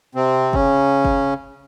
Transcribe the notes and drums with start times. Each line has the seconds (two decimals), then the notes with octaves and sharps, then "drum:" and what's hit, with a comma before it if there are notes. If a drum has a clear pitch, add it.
0.15 C3 C4
0.53 C#3 C#4, drum: kick
1.05 drum: kick